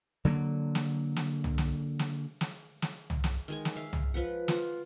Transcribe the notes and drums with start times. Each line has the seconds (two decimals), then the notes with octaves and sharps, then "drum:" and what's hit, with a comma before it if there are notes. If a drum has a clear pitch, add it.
0.25 D3 F#3 A#3
0.75 drum: snare
1.16 drum: snare
1.44 drum: tom C2
1.58 drum: snare
1.99 drum: snare
2.41 drum: snare
2.82 drum: snare
3.10 drum: tom C2
3.24 drum: snare
3.48 D#3 G#3 G#5
3.65 drum: snare
3.76 E5 F5
3.93 drum: tom C2
4.14 F3 B4 F#5
4.48 F4 F#5, drum: snare